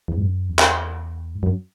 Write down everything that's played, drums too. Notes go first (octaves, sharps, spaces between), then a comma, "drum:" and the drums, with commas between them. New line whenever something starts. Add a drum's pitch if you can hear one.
E2
G#2
F#2
E2
drum: clap
G#2
F#2